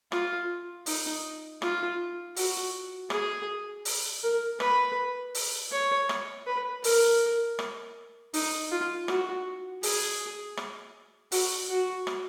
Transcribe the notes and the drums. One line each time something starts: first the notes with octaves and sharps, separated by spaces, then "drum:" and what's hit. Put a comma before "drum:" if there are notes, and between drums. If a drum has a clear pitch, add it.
F4, drum: rim click
D#4, drum: open hi-hat
F4, drum: rim click
F#4, drum: open hi-hat
G#4, drum: rim click
drum: open hi-hat
A#4
B4, drum: rim click
drum: open hi-hat
C#5
drum: rim click
B4
A#4, drum: open hi-hat
drum: rim click
D#4, drum: open hi-hat
F4
F#4, drum: rim click
G#4, drum: open hi-hat
drum: rim click
F#4, drum: open hi-hat
F#4
drum: rim click